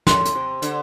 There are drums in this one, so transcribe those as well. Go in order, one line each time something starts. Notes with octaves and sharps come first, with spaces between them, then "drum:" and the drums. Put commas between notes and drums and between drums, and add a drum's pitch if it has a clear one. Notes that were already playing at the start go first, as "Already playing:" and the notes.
A2 C6, drum: snare
drum: hi-hat
C3
D3, drum: hi-hat